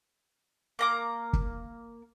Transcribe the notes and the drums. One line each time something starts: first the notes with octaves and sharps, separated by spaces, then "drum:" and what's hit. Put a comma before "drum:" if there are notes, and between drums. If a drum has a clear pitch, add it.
A#3 A#5 D6
drum: kick